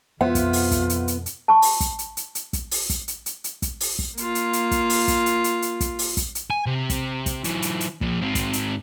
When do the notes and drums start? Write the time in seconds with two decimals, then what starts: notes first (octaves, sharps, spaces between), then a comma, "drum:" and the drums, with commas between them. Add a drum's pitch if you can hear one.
0.21 F2 B2 B3 F4 C5 E5 F#5
0.35 drum: kick, hi-hat
0.53 drum: open hi-hat
0.71 drum: kick, hi-hat
0.90 drum: hi-hat
1.08 drum: hi-hat
1.26 drum: hi-hat
1.48 A5 C#6
1.62 drum: open hi-hat
1.80 drum: kick, hi-hat
1.99 drum: hi-hat
2.17 drum: hi-hat
2.35 drum: hi-hat
2.53 drum: kick, hi-hat
2.71 drum: open hi-hat
2.90 drum: kick, hi-hat
3.08 drum: hi-hat
3.26 drum: hi-hat
3.44 drum: hi-hat
3.62 drum: kick, hi-hat
3.80 drum: open hi-hat
3.99 drum: kick
4.17 A#3 F4, drum: hi-hat
4.35 drum: hi-hat
4.53 drum: hi-hat
4.71 drum: kick, hi-hat
4.90 drum: open hi-hat
5.08 drum: kick, hi-hat
5.26 drum: hi-hat
5.44 drum: hi-hat
5.62 drum: hi-hat
5.80 drum: kick, hi-hat
5.99 drum: open hi-hat
6.17 drum: kick, hi-hat
6.35 drum: hi-hat
6.50 G#5
6.66 C3
6.90 drum: kick, hi-hat
7.26 drum: kick, hi-hat
7.44 E3 F#3, drum: hi-hat
7.62 drum: hi-hat
7.81 drum: hi-hat
8.01 A#2 F3, drum: kick
8.21 G#2 C4
8.35 drum: kick, hi-hat
8.53 drum: hi-hat